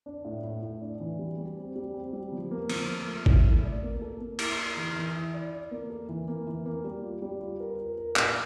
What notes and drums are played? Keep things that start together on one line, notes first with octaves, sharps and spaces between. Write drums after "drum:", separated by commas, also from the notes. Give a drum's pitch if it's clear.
D4
A2
A2
A2
D4
E3
G3
G3
C4
G3
C4
G3
F3
A#3
F3, drum: cymbal
A#3
A3
E4, drum: kick G#1
A3
D5
A#3
A4
A#3
E4, drum: cymbal
E4
E3
E3
E4
D5
D5
A#3
A4
E3
A#3
E3
A#3
G3
F4
G3
F4
A#4
A#4
A#4
A#2, drum: clap